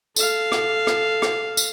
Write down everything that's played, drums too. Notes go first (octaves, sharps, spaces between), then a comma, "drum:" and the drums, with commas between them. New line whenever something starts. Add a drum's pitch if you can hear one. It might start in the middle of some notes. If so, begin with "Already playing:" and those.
A4 F5, drum: tambourine
drum: rim click
drum: rim click
drum: rim click
drum: tambourine